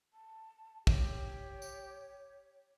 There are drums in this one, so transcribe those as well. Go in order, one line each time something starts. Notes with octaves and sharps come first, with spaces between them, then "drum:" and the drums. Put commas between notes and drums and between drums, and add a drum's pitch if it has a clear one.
A5
G4 C#5, drum: kick
drum: tambourine